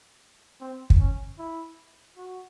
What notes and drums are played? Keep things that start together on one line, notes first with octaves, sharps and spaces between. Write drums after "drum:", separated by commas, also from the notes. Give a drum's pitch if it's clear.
C4
drum: kick
C#4
E4
F#4